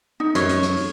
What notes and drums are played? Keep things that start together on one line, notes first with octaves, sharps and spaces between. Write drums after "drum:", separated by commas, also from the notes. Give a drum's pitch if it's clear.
D#4
F#2 C#5, drum: hi-hat
drum: hi-hat
drum: hi-hat
drum: open hi-hat